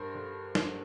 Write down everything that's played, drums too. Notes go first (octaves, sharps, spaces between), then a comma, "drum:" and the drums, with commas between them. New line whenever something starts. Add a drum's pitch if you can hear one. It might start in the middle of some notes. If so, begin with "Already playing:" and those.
Already playing: G2 A#4 C5
D3
G2, drum: snare